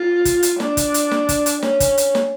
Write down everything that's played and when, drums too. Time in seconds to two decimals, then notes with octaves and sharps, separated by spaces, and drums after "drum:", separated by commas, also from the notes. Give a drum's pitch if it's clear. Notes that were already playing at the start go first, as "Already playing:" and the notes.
Already playing: F4
0.25 drum: kick, hi-hat
0.43 drum: hi-hat
0.60 D4, drum: snare
0.77 drum: kick, hi-hat
0.94 drum: hi-hat
1.11 drum: snare
1.29 drum: kick, hi-hat
1.46 drum: hi-hat
1.62 C#4, drum: snare
1.80 drum: kick, hi-hat
1.98 drum: hi-hat
2.15 drum: snare